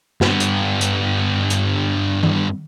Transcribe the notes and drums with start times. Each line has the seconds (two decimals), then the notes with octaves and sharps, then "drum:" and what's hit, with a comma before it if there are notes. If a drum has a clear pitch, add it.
0.21 G2 B3, drum: snare
0.40 drum: hi-hat
0.81 drum: hi-hat
1.50 drum: hi-hat
2.23 drum: tom D#3